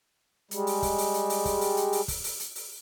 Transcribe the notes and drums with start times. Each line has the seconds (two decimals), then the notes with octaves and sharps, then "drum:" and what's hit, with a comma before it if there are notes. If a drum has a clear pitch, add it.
0.51 G3 G#3, drum: hi-hat
0.67 drum: open hi-hat
0.82 drum: kick, open hi-hat
0.98 drum: open hi-hat
1.14 drum: hi-hat
1.30 drum: open hi-hat
1.45 drum: kick, open hi-hat
1.61 drum: open hi-hat
1.77 drum: hi-hat
1.92 drum: open hi-hat
2.08 drum: kick, open hi-hat
2.24 drum: open hi-hat
2.40 drum: hi-hat
2.55 drum: open hi-hat